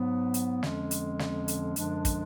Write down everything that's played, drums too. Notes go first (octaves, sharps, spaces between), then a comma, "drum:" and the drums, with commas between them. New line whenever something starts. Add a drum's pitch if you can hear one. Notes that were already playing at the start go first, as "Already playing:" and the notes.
Already playing: G#2 F#3 B3
drum: hi-hat
F2 D3 F3 G#3 C#4, drum: snare
drum: hi-hat
drum: snare
drum: hi-hat
F#2 D3 F3 G#3 D4, drum: hi-hat
drum: kick, hi-hat